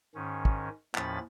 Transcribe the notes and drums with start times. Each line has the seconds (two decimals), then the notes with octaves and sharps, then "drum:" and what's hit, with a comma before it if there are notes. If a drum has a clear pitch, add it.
0.15 G#2 D#3 C#4
0.45 drum: kick
0.95 D#2 A2 F3 C#4 B5 A6, drum: clap